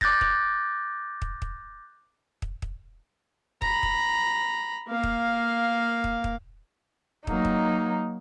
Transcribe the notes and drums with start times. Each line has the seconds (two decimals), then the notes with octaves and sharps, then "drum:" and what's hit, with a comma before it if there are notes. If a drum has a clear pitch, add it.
0.01 D6 F#6 G6 A6 A#6, drum: kick
0.21 drum: kick
1.22 drum: kick
1.42 drum: kick
2.42 drum: kick
2.62 drum: kick
3.62 A#5 B5, drum: kick
3.83 drum: kick
4.88 A#3 F5
5.03 drum: kick
6.04 drum: kick
6.24 drum: kick
7.27 F#3 A#3 D#4, drum: kick
7.45 drum: kick